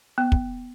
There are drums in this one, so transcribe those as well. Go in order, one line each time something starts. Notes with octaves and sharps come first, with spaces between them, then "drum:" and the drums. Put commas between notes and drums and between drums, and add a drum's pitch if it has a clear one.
B3
drum: kick